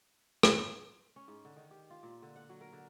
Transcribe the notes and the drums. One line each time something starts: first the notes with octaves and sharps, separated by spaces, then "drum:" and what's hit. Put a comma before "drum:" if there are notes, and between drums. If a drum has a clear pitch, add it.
drum: rim click
C#4
G#2
D3
D#3
G4
F4
A#2
D3
F#5
F#3
A#4
D3